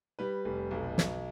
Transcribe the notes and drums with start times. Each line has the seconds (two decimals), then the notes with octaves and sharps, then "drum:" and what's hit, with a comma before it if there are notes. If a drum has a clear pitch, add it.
0.19 G3 B4
0.45 F1
0.71 B1
0.98 B1, drum: snare